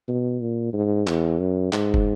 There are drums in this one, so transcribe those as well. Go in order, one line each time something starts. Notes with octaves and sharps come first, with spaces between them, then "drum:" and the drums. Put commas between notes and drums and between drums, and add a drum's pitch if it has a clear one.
B2
A#2
G#2
E2, drum: clap
F#2
G#2, drum: clap
drum: kick